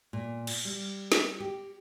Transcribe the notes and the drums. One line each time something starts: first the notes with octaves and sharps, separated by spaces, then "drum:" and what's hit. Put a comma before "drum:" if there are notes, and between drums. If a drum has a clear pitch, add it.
A#2
drum: cymbal
G3
drum: snare
G4